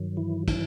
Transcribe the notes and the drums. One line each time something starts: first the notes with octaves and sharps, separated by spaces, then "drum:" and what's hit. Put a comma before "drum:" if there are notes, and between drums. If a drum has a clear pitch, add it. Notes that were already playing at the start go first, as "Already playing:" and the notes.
Already playing: G2 D#3 F#3
E3 E4
E3 E4, drum: kick, cymbal